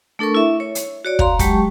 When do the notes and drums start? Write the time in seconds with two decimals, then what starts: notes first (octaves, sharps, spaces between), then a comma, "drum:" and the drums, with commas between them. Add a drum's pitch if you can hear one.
0.19 A3 D4 A4 A#4 C#6
0.35 E4 E5
0.60 C#5
0.75 drum: hi-hat
1.05 F#4 C#5 D5
1.19 F5 A#5 C6, drum: kick
1.39 F#3 G#3 G4 G5 A5 C#6, drum: kick, hi-hat